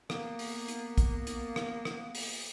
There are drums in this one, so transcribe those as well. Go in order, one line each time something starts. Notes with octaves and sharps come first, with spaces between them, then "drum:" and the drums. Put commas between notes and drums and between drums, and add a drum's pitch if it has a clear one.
A#3 B3, drum: rim click
drum: open hi-hat
drum: hi-hat
drum: kick, hi-hat
drum: hi-hat
drum: rim click
drum: rim click
drum: open hi-hat